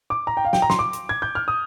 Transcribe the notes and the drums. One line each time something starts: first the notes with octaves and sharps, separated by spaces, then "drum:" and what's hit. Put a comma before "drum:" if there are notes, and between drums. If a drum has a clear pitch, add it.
D6
A#5
G5
F5
G5, drum: snare
A#5
C6, drum: snare
D6
drum: hi-hat
G#6
G6
F6
D#6